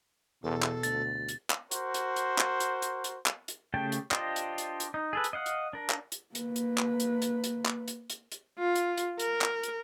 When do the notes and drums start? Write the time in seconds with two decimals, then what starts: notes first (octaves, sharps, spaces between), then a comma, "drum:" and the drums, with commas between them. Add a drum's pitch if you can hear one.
0.43 E2 B2 A4
0.63 drum: clap
0.83 D2 A6, drum: hi-hat
1.28 drum: hi-hat
1.50 drum: clap
1.71 F#4 A#4 C5, drum: hi-hat
1.94 drum: hi-hat
2.16 drum: hi-hat
2.38 drum: clap
2.60 drum: hi-hat
2.82 drum: hi-hat
3.04 drum: hi-hat
3.26 drum: clap
3.48 drum: hi-hat
3.74 C#3 A3 G4 G5 A5
3.92 drum: hi-hat
4.11 D4 F4 G4 C5 D#5, drum: clap
4.36 drum: hi-hat
4.58 drum: hi-hat
4.80 drum: hi-hat
4.94 D#4
5.13 G#4 A4 B4
5.24 drum: hi-hat
5.33 D#5 F5 F#5
5.46 drum: hi-hat
5.73 D4 A#4
5.90 drum: clap
6.12 drum: hi-hat
6.35 A#3 B4, drum: hi-hat
6.56 drum: hi-hat
6.78 drum: clap
7.00 drum: hi-hat
7.22 drum: hi-hat
7.44 drum: hi-hat
7.66 drum: clap
7.88 drum: hi-hat
8.10 drum: hi-hat
8.32 drum: hi-hat
8.59 F4
8.76 drum: hi-hat
8.97 drum: hi-hat
9.19 A#4, drum: hi-hat
9.41 drum: clap
9.63 drum: hi-hat